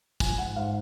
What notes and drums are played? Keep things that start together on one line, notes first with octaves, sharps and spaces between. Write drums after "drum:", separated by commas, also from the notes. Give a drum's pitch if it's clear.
F3 G#5, drum: kick, tambourine
G#2 F#5
G#2 F5